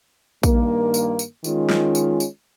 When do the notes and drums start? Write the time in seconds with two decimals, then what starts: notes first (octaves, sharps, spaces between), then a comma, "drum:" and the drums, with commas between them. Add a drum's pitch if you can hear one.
0.43 G2 D#3 A#3, drum: kick A#1, tambourine
0.94 drum: tambourine
1.19 drum: tambourine
1.44 D#3 G#3 C#4 F4, drum: tambourine
1.70 drum: snare
1.95 drum: tambourine
2.20 drum: tambourine